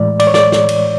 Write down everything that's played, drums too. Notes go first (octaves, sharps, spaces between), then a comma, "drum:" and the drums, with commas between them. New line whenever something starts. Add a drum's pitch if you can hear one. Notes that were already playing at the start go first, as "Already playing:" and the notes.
Already playing: A2 E3 G#3 D5
D5, drum: cymbal
C#5
D5, drum: snare
drum: snare
drum: cymbal